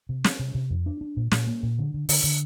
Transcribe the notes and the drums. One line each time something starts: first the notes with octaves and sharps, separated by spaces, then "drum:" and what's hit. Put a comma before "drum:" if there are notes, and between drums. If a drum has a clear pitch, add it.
C3
C4, drum: snare
C3
C3
F2
D4
D4
A#2
A#2, drum: snare
A#3
A#2
D3
D3
D3, drum: open hi-hat
D3